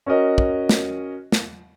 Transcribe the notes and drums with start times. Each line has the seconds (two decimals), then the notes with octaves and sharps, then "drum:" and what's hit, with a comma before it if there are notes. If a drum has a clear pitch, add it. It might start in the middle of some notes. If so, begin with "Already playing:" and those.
0.06 C#4 F#4 A#4 D#5
0.38 drum: kick
0.69 drum: snare
1.32 drum: snare